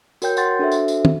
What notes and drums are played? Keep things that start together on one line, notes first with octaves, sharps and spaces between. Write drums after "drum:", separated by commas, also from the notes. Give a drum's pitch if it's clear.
F#4 A#4 C#5 G5 G6, drum: tambourine
F#5 G5 C6 A6, drum: tambourine
D4 F#4 A4 C5 E5
drum: tambourine
drum: tambourine
drum: tom